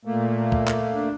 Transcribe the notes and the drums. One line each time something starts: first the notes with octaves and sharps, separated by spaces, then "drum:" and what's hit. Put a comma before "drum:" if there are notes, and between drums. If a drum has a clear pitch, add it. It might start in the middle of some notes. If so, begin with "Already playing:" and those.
A#2 A3 A#3
drum: kick
drum: clap
D4